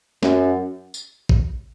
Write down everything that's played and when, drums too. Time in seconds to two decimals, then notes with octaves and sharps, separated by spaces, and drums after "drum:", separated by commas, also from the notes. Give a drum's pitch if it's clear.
0.23 F#2, drum: snare
0.94 drum: tambourine
1.29 drum: kick